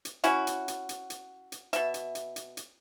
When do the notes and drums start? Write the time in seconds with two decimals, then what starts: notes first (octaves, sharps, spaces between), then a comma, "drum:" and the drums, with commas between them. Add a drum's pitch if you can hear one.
0.05 drum: hi-hat
0.24 C#4 E4 F#4, drum: hi-hat
0.47 drum: hi-hat
0.68 drum: hi-hat
0.89 drum: hi-hat
1.10 drum: hi-hat
1.52 drum: hi-hat
1.73 B2 E5, drum: hi-hat
1.94 drum: hi-hat
2.15 drum: hi-hat
2.36 drum: hi-hat
2.57 drum: hi-hat